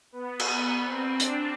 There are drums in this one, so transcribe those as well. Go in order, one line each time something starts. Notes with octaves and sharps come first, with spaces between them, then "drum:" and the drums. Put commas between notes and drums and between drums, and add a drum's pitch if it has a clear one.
B3
drum: cymbal
C4
D4, drum: hi-hat